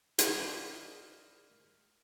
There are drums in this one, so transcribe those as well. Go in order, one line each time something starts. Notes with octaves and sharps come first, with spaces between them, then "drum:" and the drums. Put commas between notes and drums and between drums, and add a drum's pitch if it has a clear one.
A#4 C5 D5 D#5 A#5 B5, drum: hi-hat